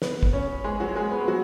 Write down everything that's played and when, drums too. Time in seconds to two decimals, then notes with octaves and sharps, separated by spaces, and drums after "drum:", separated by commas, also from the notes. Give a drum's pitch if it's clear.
0.02 B3 B4, drum: snare
0.23 drum: kick
0.33 C#4 C#5
0.64 G#3 G#4
0.80 F#3 F#4
0.96 G#3 G#4
1.11 B3 B4
1.28 F#3 F#4